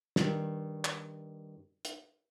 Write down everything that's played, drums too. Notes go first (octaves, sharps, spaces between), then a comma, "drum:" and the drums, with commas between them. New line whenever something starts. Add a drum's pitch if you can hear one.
G2 D#3, drum: snare
drum: clap
drum: hi-hat